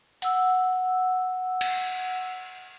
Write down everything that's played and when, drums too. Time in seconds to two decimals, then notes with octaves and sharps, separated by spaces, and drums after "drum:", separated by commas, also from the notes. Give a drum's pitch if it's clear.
0.22 F#5 E6, drum: hi-hat
1.61 drum: cymbal